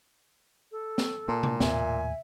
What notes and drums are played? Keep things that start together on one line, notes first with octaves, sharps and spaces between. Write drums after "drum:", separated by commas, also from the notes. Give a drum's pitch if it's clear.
A4
drum: snare
A#2 A#3 A5
drum: tom C3
D#2 A2 E5 G#5, drum: snare